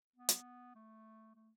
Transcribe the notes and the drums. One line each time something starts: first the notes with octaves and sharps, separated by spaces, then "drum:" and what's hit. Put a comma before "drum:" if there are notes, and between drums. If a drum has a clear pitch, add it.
B3
drum: hi-hat
A3
A3